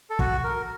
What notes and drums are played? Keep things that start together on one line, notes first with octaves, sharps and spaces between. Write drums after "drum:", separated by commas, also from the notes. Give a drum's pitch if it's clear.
A4
F#4, drum: kick
A#4